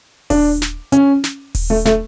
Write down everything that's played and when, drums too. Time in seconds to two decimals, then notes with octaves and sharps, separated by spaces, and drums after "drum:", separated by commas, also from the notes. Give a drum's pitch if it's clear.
0.30 D4, drum: kick D#1, open hi-hat
0.62 drum: snare
0.92 C#4, drum: hi-hat
1.24 drum: snare
1.55 drum: kick D#1, open hi-hat
1.70 A3
1.85 A3, drum: snare